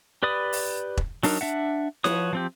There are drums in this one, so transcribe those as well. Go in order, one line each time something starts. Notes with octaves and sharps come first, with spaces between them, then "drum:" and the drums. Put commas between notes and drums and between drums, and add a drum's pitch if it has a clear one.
G4 B4 D5 B5 D#6
drum: open hi-hat
drum: kick E1
F#3 D4 D#4 A#4, drum: open hi-hat
D4 E5 F#5
F3 F#4 B4 C#5 D#6, drum: snare E4
F3 C4 G4